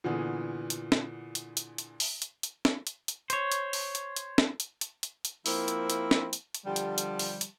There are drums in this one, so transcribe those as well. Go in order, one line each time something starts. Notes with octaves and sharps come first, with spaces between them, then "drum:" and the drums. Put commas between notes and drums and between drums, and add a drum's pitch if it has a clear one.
A#2 D3 E3 B3 G#4
drum: hi-hat
drum: snare
drum: hi-hat
drum: hi-hat
drum: hi-hat
drum: open hi-hat
drum: hi-hat
drum: hi-hat
drum: snare
drum: hi-hat
drum: hi-hat
C5 C#5, drum: hi-hat
drum: hi-hat
drum: open hi-hat
drum: hi-hat
drum: hi-hat
drum: snare
drum: hi-hat
drum: hi-hat
drum: hi-hat
drum: hi-hat
F3 A#3 C4 E4, drum: open hi-hat
drum: hi-hat
drum: hi-hat
drum: snare
drum: hi-hat
drum: hi-hat
D3 F3 G3
drum: hi-hat
drum: hi-hat
drum: open hi-hat
drum: hi-hat